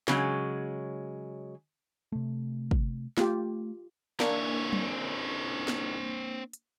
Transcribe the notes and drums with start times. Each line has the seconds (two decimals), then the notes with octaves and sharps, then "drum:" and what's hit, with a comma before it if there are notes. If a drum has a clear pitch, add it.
0.08 C#3 F#3 G#3, drum: snare
2.12 C3 A3
2.71 drum: kick
3.17 A3 F4 G4, drum: snare
4.20 D3 E3 A#3 C4 D4 C#5, drum: snare
4.73 drum: tom F#3
5.68 drum: snare
6.53 drum: hi-hat